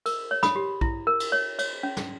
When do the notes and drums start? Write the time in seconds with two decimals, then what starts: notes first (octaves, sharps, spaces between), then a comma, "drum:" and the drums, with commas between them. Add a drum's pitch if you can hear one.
0.06 A#4, drum: cymbal
0.31 C#5
0.43 B5 D#6, drum: snare
0.56 G4
0.81 E4, drum: kick A#1
1.07 A#4
1.20 drum: cymbal
1.32 C#5
1.59 C#5, drum: cymbal
1.83 C#4
1.97 drum: snare